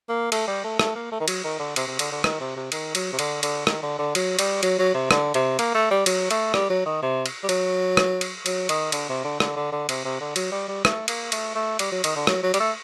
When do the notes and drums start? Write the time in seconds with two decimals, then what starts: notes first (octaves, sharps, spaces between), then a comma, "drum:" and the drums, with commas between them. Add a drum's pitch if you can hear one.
0.09 A#3
0.32 A3, drum: cymbal
0.48 G3
0.64 A3
0.79 A3, drum: rim click
0.95 A#3
1.12 A3
1.20 D#3
1.28 F#3, drum: cymbal
1.44 D#3
1.59 D3
1.76 C3, drum: cymbal
1.87 C3
1.99 D3, drum: cymbal
2.12 D3
2.24 D#3, drum: rim click
2.40 C3
2.56 C3
2.72 D#3, drum: cymbal
2.95 F#3, drum: cymbal
3.12 C3
3.19 D3, drum: cymbal
3.43 D3, drum: cymbal
3.67 D#3, drum: rim click
3.83 D3
3.99 D3
4.15 F#3, drum: cymbal
4.39 G3, drum: cymbal
4.63 F#3, drum: cymbal
4.79 F#3
4.94 C3
5.11 D3, drum: rim click
5.34 C3, drum: cymbal
5.59 A#3, drum: cymbal
5.75 A3
5.91 G3
6.06 F#3, drum: cymbal
6.31 A3, drum: cymbal
6.54 G3, drum: rim click
6.70 F#3
6.86 D#3
7.02 C3
7.26 drum: cymbal
7.44 G3
7.49 F#3, drum: cymbal
7.97 drum: rim click
8.21 drum: cymbal
8.46 F#3, drum: cymbal
8.69 D#3, drum: cymbal
8.92 D3, drum: cymbal
9.09 C3
9.24 D3
9.40 D3, drum: rim click
9.56 D3
9.72 D3
9.89 C3, drum: cymbal
10.05 C3
10.20 D3
10.36 F#3, drum: cymbal
10.52 G3
10.68 G3
10.85 A3, drum: rim click
11.08 A#3, drum: cymbal
11.32 A3, drum: cymbal
11.55 A3
11.79 G3, drum: cymbal
11.92 F#3
12.04 D#3, drum: cymbal
12.16 D3
12.27 F#3, drum: rim click
12.43 F#3
12.54 G3, drum: cymbal
12.60 A3